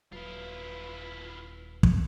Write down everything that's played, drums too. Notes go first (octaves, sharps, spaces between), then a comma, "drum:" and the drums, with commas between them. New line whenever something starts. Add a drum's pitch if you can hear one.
D#1 F#3 E4 F4 B4
drum: kick